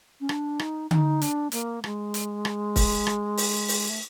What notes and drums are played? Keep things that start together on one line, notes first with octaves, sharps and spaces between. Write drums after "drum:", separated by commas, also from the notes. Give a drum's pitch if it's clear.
C#4
D4, drum: rim click
D#4, drum: rim click
D#4, drum: tom D3
D4, drum: hi-hat
A#3, drum: hi-hat
G#3, drum: rim click
drum: hi-hat
drum: rim click
drum: kick, open hi-hat
drum: rim click
drum: open hi-hat
drum: open hi-hat
A3